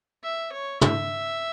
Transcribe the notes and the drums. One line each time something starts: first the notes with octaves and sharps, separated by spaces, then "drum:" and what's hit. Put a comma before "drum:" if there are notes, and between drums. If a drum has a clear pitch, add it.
E5
C#5
E5, drum: tom